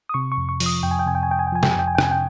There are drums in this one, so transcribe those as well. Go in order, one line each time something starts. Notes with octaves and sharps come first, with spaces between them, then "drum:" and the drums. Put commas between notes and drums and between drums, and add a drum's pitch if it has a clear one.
D#6
C3 C#6
C#6
F2
C#6
F3, drum: open hi-hat
D#6
F2 G5
G#5
G5
C3 G#5
G5
G#5
F2 G5
G#5
G5
F3 G#5
G5, drum: snare
G#5
F2 G5
G#5
G5
C3 G#5, drum: rim click
G5